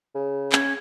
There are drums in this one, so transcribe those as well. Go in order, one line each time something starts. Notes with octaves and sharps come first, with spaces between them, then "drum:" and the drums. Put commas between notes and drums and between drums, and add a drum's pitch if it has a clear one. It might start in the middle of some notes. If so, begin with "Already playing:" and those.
C#3
C#4, drum: clap